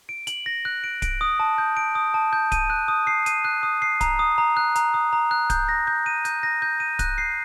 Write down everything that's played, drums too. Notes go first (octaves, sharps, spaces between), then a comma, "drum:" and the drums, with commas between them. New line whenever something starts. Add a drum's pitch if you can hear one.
D7
F#7, drum: hi-hat
A#6
F#6
D7
D7, drum: kick D1, hi-hat
D#6
A5
G6
D7
D#6
A5
G6
D#7, drum: kick D1, hi-hat
F#6
D#6
C7
D#7, drum: hi-hat
F#6
D#6
C7
A#5, drum: kick D1, hi-hat
D#6
A#5
F#6
A#5, drum: hi-hat
D#6
A#5
F#6
G6, drum: kick D1, hi-hat
A#6
G6
D#7
G6, drum: hi-hat
A#6
G6
D#7
F#6, drum: kick D1, hi-hat
C7